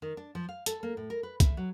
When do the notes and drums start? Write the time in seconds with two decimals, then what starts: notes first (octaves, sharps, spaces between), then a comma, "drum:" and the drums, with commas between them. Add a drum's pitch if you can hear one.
0.02 D#3
0.17 D4
0.35 F3
0.49 F5
0.66 A4, drum: hi-hat
0.83 A#3
0.97 A2
1.10 A#4
1.23 B4
1.40 E5, drum: kick, hi-hat
1.57 F#3